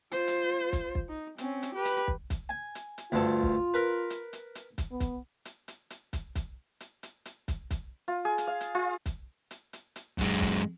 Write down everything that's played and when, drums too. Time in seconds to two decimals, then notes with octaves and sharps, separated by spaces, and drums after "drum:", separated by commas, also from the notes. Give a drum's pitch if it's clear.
0.12 F4 C5
0.28 drum: hi-hat
0.73 drum: kick, hi-hat
0.95 drum: kick
1.09 D#4
1.38 C4 C#4, drum: hi-hat
1.63 drum: hi-hat
1.75 G4 B4
1.85 drum: hi-hat
2.08 drum: kick
2.30 drum: kick, hi-hat
2.49 G#5
2.75 drum: hi-hat
2.98 drum: hi-hat
3.12 D2 G2 F4 A4
3.43 drum: kick
3.74 A#4 B4
4.10 drum: hi-hat
4.33 drum: hi-hat
4.55 drum: hi-hat
4.78 drum: kick, hi-hat
4.91 B3
5.00 drum: kick, hi-hat
5.45 drum: hi-hat
5.68 drum: hi-hat
5.90 drum: hi-hat
6.13 drum: kick, hi-hat
6.35 drum: kick, hi-hat
6.80 drum: hi-hat
7.03 drum: hi-hat
7.25 drum: hi-hat
7.48 drum: kick, hi-hat
7.71 drum: kick, hi-hat
8.08 F4
8.25 G#4
8.38 drum: hi-hat
8.47 F5
8.61 drum: hi-hat
8.75 F4
9.06 drum: kick, hi-hat
9.51 drum: hi-hat
9.73 drum: hi-hat
9.96 drum: hi-hat
10.18 F#2 G#3, drum: kick, hi-hat
10.41 drum: kick